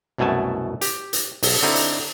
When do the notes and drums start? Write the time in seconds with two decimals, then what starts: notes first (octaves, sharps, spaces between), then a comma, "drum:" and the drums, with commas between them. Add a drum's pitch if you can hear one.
0.18 C2 F#2 B2 A3 G#5 A5
0.81 G4, drum: hi-hat
1.13 drum: hi-hat
1.43 B1, drum: open hi-hat
1.62 D3 C4 D#4 E4
1.76 drum: hi-hat